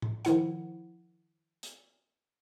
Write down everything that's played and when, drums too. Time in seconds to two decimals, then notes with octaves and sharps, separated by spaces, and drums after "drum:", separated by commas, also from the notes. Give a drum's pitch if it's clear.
0.02 drum: tom A2
0.25 D#3 F3 E4 F#5, drum: hi-hat
1.63 drum: hi-hat